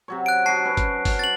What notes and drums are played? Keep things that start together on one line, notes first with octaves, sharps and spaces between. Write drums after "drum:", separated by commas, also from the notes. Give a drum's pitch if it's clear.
C3 F#3 C#5
F#6 D7
D#4 F#4 A5 C7
C#4 B4
drum: kick, hi-hat
drum: kick, open hi-hat
A6 F#7